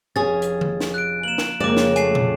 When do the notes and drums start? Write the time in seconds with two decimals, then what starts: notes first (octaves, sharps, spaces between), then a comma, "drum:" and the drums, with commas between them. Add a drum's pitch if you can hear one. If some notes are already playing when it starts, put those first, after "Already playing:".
0.16 F1 C#4 G#4 A6
0.42 drum: hi-hat
0.61 drum: tom D3
0.81 drum: snare
0.94 F#6 D7
1.24 A#3 F#6 E7 F#7
1.38 drum: snare
1.60 F2 C#3 G#3 A#3 A#4 D5 D6 E7
1.77 drum: snare
1.96 A3 G#5 C7, drum: hi-hat
2.15 drum: tom